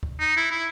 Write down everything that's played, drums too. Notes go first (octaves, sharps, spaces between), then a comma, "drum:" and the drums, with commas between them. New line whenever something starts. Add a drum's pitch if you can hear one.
drum: kick C#2
D#4
E4
E4